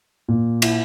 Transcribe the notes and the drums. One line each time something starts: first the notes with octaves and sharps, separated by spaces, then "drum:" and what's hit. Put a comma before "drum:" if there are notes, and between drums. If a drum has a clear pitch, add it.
A#2
E4, drum: cymbal